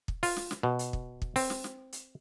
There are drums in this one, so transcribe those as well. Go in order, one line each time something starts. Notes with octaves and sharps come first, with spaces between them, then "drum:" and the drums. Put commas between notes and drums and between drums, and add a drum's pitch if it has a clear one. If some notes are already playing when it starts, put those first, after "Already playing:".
drum: kick
F4, drum: open hi-hat
drum: snare
drum: snare
B2
drum: hi-hat
drum: kick
drum: kick
C4, drum: open hi-hat
drum: snare
drum: snare
drum: hi-hat